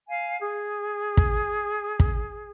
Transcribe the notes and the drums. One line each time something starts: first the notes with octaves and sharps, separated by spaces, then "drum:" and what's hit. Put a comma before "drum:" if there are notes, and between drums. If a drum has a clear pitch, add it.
F5 G#5
G#4
drum: kick
drum: kick